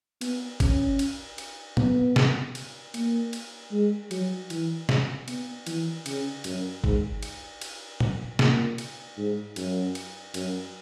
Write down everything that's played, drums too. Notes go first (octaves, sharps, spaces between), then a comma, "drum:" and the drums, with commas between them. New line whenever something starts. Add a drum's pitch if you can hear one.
B3, drum: cymbal
C#4, drum: kick G1, cymbal
drum: cymbal
drum: cymbal
B3, drum: tom A#2
drum: snare
drum: cymbal
A#3, drum: cymbal
drum: cymbal
G#3
F#3, drum: cymbal
E3, drum: cymbal
drum: snare
B3, drum: cymbal
E3, drum: cymbal
C#3, drum: cymbal
F#2, drum: cymbal
G#2, drum: kick G1
drum: cymbal
drum: cymbal
drum: tom A#2
A#2, drum: snare
drum: cymbal
G#2
F#2, drum: cymbal
drum: cymbal
F#2, drum: cymbal